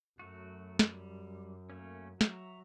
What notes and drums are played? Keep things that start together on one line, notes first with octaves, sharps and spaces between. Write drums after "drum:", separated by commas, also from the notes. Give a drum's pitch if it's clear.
F#2 F#3 A3 F#4
drum: snare
G3
A3 A#3 C#4
F#3 E5 A#5 C#6, drum: snare